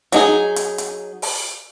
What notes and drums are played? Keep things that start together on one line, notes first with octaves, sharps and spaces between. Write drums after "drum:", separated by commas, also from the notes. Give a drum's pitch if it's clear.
F#3 D#4 G#4, drum: hi-hat
drum: hi-hat
drum: hi-hat
drum: open hi-hat